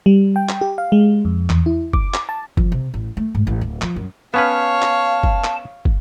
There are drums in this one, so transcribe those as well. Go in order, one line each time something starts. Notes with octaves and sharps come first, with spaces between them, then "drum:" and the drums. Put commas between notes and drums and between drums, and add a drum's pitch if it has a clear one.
G3
G5
drum: clap
G4
F5
G#3
F2
E2, drum: clap
E4
D6, drum: kick
drum: clap
A5
F3, drum: kick
C3
A1
A3
G#2
A1
D1
F3, drum: clap
F#2
B3 C#4 B4 C#5 F5 A5
drum: clap
drum: kick
drum: clap
drum: kick